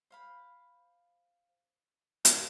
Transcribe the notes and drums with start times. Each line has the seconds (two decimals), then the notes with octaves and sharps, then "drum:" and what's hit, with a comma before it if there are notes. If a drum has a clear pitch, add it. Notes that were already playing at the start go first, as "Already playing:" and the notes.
0.10 C5 F5 B5
2.25 A#3 F#4 C#5 G#5, drum: hi-hat